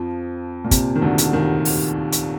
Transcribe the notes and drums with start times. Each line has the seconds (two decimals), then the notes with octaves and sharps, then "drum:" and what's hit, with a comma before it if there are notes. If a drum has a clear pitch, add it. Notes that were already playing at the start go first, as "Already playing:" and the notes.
Already playing: F2 F3
0.64 A#2
0.71 C3, drum: kick, hi-hat
0.95 D#3
1.02 D2 D3
1.18 drum: hi-hat
1.33 D#2 D#3
1.65 drum: open hi-hat
2.12 drum: hi-hat